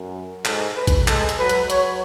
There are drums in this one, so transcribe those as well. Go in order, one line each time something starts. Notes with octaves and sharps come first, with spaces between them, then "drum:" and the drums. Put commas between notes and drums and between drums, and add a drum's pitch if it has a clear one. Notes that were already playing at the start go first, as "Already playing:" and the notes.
Already playing: F#2
G#2 A4, drum: clap
B4
drum: kick, hi-hat
G#3 A4, drum: clap
drum: hi-hat
F#3 B4
drum: hi-hat
F#3 C#5, drum: hi-hat